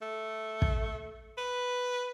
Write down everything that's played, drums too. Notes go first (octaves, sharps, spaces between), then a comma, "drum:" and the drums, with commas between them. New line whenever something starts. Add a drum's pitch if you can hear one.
A3
drum: kick
B4